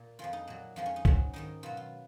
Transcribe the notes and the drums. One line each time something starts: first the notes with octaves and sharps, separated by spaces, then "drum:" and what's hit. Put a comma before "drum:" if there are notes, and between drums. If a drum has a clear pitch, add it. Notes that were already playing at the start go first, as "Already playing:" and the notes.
Already playing: A#2
F2 F3 G#3 F4
D#4
A#2 F#3
F2 F3 G#3 F4
C#4
D#4
G#2 F#3 C#4, drum: kick C2
G#2 D#3 G#3 D#4
B2 F#3 F4
F4